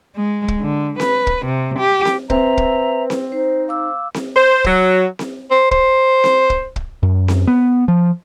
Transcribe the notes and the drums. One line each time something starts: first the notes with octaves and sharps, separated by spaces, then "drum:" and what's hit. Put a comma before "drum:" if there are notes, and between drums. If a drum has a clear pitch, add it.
G#3
drum: kick
D3
B4, drum: snare C4
drum: kick
C3
G4
drum: snare C4
C4 B4 E5 A#5, drum: kick
drum: kick
drum: snare C4
D#4 C5
F5 D6 E6
drum: snare C4
C5
F#3, drum: kick
drum: snare C4
C5
C5, drum: kick
drum: snare C4
drum: kick
drum: kick
F#2
drum: snare C4
B3
F3